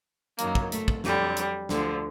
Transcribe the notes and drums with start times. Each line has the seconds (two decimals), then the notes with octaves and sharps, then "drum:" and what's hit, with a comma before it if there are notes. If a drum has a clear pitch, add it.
0.39 F#2 D#3 F#3 A#3, drum: hi-hat
0.55 drum: kick
0.72 A3, drum: hi-hat
0.88 drum: kick
1.04 F2 D3 F#3 G3, drum: snare
1.37 drum: hi-hat
1.69 D2 D3 F3, drum: snare